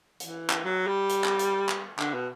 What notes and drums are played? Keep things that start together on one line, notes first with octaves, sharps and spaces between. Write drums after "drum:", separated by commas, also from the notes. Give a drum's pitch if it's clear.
E3, drum: hi-hat
drum: clap
F#3
G3
drum: hi-hat
drum: clap
drum: hi-hat
drum: clap
D3, drum: clap
B2